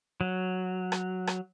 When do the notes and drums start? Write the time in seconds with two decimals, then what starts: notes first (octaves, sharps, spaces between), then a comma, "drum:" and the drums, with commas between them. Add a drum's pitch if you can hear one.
0.21 F#3
0.92 drum: rim click
1.27 drum: rim click